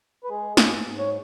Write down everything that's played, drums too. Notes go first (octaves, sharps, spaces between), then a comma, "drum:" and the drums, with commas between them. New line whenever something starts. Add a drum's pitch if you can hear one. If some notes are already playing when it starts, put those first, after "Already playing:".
B4
G#3 G#4
G#2, drum: snare
G#2
C#5